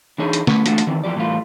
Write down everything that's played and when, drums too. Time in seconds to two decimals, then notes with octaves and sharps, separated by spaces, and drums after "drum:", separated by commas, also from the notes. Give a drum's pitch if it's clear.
0.18 E3 D4 D#4 G#4 C#5
0.33 drum: hi-hat
0.47 A3 B3 C#4, drum: snare
0.66 E3 A3 D4 F4 F#4, drum: hi-hat
0.78 drum: hi-hat
0.87 D#3 E3 C4
1.04 E3 F3 G4 D5
1.16 A2 E3 G3 F4